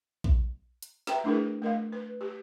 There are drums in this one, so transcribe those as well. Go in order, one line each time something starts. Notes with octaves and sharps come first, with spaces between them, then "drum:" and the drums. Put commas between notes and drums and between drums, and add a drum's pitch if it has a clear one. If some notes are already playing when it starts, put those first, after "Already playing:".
drum: kick A#1
drum: hi-hat
B4 E5 G5 A#5, drum: snare
A3 D4 E4 G#4 A#4
A3 A#4 D#5 F5
B4
G4